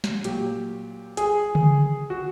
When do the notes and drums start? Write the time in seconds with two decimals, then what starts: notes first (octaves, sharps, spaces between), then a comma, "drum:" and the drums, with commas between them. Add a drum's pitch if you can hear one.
0.04 drum: snare
0.24 A#2 F#3 G4, drum: hi-hat
1.17 G#4, drum: hi-hat
1.55 drum: tom C#3
2.10 F#4